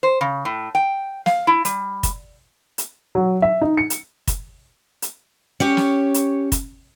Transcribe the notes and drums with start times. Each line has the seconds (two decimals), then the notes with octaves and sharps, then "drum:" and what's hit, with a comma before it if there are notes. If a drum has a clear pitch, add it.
0.03 C5
0.21 C#3
0.45 A2
0.75 G5
1.26 F5, drum: snare
1.47 E4
1.65 G3, drum: hi-hat
2.03 drum: kick, hi-hat
2.78 drum: hi-hat
3.15 F#3
3.42 E5
3.61 D#4
3.77 C#7
3.90 drum: hi-hat
4.27 drum: kick, hi-hat
5.02 drum: hi-hat
5.60 C#4 G4 C#5
5.77 drum: snare
6.14 drum: hi-hat
6.52 drum: kick, hi-hat